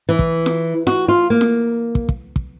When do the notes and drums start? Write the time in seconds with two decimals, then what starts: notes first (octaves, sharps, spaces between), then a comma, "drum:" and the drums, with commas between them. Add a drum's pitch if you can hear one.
0.09 E3
0.19 drum: kick
0.46 drum: snare F4
0.87 F#4, drum: snare F4
1.08 F4
1.30 A#3
1.41 drum: snare F4
1.95 drum: kick
2.09 drum: kick
2.36 drum: kick